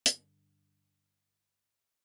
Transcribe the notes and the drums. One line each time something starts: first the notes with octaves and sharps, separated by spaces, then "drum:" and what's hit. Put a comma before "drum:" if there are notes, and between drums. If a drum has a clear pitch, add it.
G2 D3, drum: hi-hat